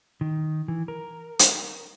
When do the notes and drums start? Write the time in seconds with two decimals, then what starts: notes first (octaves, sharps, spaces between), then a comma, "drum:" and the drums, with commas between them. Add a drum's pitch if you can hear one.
0.21 D#3
0.68 E3
0.88 A#4
1.39 drum: hi-hat